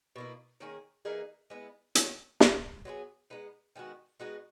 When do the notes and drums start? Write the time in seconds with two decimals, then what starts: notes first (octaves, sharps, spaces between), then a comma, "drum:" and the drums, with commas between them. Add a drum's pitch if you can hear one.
0.16 B2 A#3 E4
0.60 D#3 A#3 C#4 G#4
1.05 E3 A#3 D#4 G#4
1.50 G#3 B3 E4
1.95 D#3 F#3 A#3, drum: hi-hat
2.40 A#2 A#3 C#4 G#4, drum: snare
2.85 F#3 B3 E4 G#4
3.30 G#3 B3 D#4
3.76 D#3 G#3 B3 F#4
4.20 G#3 B3 D#4 F#4